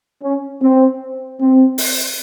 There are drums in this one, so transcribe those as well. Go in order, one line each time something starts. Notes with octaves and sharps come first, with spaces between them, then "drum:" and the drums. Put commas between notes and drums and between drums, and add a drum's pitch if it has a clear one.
C#4
C4
C4
drum: open hi-hat